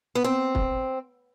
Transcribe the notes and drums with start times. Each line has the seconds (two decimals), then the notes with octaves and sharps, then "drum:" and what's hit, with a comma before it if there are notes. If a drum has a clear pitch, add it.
0.15 B3
0.24 C4
0.55 drum: kick